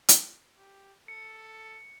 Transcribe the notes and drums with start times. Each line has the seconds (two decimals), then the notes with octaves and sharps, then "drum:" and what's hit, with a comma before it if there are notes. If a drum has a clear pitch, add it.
0.09 drum: hi-hat
0.57 G4
1.08 A4 C#7